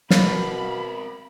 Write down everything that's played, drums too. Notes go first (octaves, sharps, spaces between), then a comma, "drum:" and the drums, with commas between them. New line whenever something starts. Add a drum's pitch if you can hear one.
B2 C4 A#4 F5 B5, drum: snare